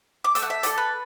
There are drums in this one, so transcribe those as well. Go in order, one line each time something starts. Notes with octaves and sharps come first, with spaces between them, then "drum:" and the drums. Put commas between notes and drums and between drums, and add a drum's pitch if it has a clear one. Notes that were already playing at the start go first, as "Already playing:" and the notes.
D6
A3 E6, drum: hi-hat
F#5
E5
F#4 A4 D5, drum: hi-hat
B4